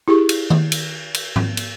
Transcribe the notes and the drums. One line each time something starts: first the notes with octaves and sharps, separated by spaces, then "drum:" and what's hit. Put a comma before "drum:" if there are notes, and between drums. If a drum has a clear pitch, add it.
E4 G4 G#4 C#6
drum: cymbal
drum: tom D#3
drum: cymbal
drum: cymbal
drum: tom G#2
drum: cymbal